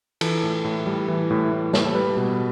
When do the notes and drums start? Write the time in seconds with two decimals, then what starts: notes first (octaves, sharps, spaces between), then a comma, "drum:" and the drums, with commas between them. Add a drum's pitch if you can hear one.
0.21 E3 A4, drum: cymbal
0.43 A2
0.64 A2
0.86 G3
1.08 E3
1.31 A2
1.52 A2
1.73 G3, drum: snare
1.85 A4
1.95 G3 B4
2.17 B2